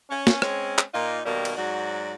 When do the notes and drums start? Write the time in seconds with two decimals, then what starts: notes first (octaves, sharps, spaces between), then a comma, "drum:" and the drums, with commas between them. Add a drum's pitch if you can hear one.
0.10 C#4
0.27 drum: snare
0.42 G#3 C4 C#4, drum: rim click
0.78 drum: clap
0.94 A#2 A#3 D#4 F4
1.25 B2 D#3 G3 A#3
1.45 drum: cymbal
1.57 G#2 F#3 F#4 D5